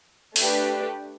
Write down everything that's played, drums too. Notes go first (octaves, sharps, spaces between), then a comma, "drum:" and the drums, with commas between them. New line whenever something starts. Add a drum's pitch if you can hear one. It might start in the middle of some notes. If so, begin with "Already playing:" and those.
A3 D4 G4 B4, drum: open hi-hat